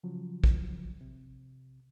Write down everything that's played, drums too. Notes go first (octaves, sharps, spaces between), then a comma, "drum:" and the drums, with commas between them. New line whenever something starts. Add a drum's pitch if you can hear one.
C#3 F3 F#3
drum: kick
C3